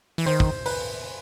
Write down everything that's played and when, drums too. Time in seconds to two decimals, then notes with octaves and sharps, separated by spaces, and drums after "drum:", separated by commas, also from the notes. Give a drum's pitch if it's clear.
0.18 E3, drum: open hi-hat
0.26 D#3 C5
0.40 drum: kick
0.66 B4, drum: open hi-hat